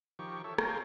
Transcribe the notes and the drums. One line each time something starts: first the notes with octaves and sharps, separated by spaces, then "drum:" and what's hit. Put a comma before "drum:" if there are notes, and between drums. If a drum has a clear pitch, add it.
D#3 F3 G4 C#6
A4 C#5 E5
C#5 F5 G5 G#5 A#5 C6, drum: rim click